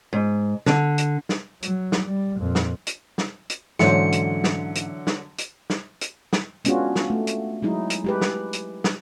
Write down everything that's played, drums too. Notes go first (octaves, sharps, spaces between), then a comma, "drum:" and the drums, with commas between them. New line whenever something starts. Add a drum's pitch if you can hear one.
G#2
D3, drum: snare
drum: hi-hat
drum: snare
F#3, drum: hi-hat
drum: snare
G3
F2 A#2
drum: snare
drum: hi-hat
drum: snare
drum: hi-hat
G#2 D3 E3 F#3 C#4 C5 C#7, drum: snare
drum: hi-hat
drum: snare
drum: hi-hat
drum: snare
drum: hi-hat
drum: snare
drum: hi-hat
drum: snare
G#3 B3 C#4 D4 F4 F#4, drum: hi-hat
drum: snare
A3
drum: hi-hat
F#3 G#3 D#4 E4
drum: hi-hat
G#3 G4 B4
drum: snare
drum: hi-hat
drum: snare